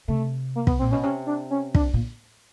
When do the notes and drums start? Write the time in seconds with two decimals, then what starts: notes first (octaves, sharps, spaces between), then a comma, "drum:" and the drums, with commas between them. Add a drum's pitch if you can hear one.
0.08 C3 A3
0.56 A#3
0.67 B3, drum: kick
0.79 A#2 C4
0.91 B2 C#4
1.03 C3 C#4
1.27 D4
1.50 C#4
1.75 D4, drum: kick
1.94 A#2